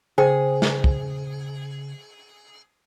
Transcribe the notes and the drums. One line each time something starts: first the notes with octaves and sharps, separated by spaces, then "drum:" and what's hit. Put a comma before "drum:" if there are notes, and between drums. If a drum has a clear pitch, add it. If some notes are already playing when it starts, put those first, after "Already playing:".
C#3 G#4 C5 G5
drum: snare
drum: kick